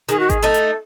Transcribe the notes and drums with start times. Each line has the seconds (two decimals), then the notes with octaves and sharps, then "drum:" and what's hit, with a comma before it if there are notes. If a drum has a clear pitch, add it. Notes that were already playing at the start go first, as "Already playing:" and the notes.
0.09 D#3 G#4, drum: hi-hat
0.20 F#4
0.30 G#4, drum: kick G#1, hi-hat
0.43 A3 D#4 A4
0.54 drum: hi-hat